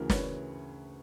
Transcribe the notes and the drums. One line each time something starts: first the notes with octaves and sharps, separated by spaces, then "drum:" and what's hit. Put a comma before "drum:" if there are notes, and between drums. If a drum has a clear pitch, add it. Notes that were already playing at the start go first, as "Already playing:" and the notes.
Already playing: D2 C#3 E3 A#4
B4 C#5, drum: snare